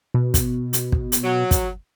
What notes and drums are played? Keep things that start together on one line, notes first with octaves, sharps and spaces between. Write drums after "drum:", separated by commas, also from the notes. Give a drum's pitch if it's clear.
B2
drum: kick, hi-hat
drum: hi-hat
drum: kick
drum: hi-hat
F#3
drum: kick, hi-hat